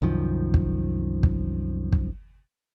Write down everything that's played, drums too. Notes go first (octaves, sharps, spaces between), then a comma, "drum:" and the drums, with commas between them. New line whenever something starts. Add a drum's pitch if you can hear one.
C2 F#2 D#3 F3
drum: kick
drum: kick
drum: kick